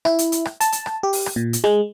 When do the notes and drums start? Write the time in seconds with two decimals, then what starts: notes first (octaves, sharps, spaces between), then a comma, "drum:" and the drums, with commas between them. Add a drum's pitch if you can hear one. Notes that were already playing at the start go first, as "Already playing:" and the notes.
0.05 E4, drum: rim click
0.19 drum: hi-hat
0.32 drum: hi-hat
0.45 drum: rim click
0.60 A5, drum: hi-hat
0.72 drum: hi-hat
0.86 drum: rim click
1.03 G4
1.13 drum: open hi-hat
1.26 drum: rim click
1.36 A#2
1.53 drum: hi-hat
1.64 G#3, drum: rim click